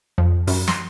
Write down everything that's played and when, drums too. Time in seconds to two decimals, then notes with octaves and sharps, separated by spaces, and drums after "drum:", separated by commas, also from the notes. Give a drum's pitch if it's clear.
0.18 F2
0.47 F#2, drum: open hi-hat
0.68 C6, drum: snare